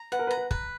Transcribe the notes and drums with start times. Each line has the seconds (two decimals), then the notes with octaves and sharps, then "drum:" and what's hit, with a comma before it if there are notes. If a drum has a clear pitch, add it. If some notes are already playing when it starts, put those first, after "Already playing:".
Already playing: A#5
0.12 B4 F#5
0.19 A#4
0.27 B4
0.31 A#5
0.37 B4
0.51 B4, drum: kick